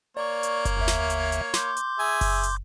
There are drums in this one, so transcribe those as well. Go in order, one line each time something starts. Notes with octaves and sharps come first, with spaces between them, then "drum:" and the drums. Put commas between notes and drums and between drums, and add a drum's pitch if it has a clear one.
A#3 C#5 D5 C#6
drum: hi-hat
drum: kick F#1, hi-hat
G1 D#2 E5
drum: snare
drum: hi-hat
drum: hi-hat
C6 D6 G6, drum: snare
drum: hi-hat
G#4 E5 G#5
drum: kick F#1, open hi-hat
drum: hi-hat